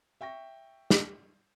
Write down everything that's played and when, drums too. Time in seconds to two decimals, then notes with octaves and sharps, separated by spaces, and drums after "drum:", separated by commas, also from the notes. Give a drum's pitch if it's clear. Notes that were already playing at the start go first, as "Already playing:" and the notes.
0.21 E5 G5 C#6 A#6
0.90 drum: snare